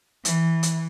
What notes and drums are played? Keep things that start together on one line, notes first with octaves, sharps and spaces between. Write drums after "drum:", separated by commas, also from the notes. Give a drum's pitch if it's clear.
E3, drum: hi-hat
drum: hi-hat